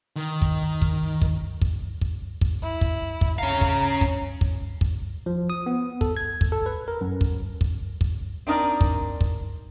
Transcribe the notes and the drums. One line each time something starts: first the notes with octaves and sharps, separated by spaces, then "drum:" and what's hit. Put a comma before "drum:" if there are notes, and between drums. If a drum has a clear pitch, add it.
D#3
drum: kick
drum: kick
drum: kick
drum: kick
drum: kick
drum: kick
E4
drum: kick
drum: kick
C#4 F5 A#5
drum: kick
drum: kick
drum: kick
drum: kick
F3
D#6
B3
A4, drum: kick
G#6
drum: kick
A4
B4
A#4
F#2
drum: kick
drum: kick
drum: kick
C4 D4 D#4 A#4 D5
drum: kick
drum: kick